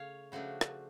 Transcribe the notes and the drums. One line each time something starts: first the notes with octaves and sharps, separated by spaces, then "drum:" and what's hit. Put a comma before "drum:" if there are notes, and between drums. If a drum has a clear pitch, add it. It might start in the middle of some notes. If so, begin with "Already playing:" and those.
Already playing: C#3 A3 C#5 F5
C#3 F3 A3 D4 F#4
drum: rim click